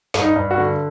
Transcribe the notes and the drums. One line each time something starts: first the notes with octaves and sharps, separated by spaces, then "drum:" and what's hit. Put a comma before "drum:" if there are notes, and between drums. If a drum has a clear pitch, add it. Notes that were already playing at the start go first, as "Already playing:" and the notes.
G2, drum: snare
D#4
G2
F#4
D3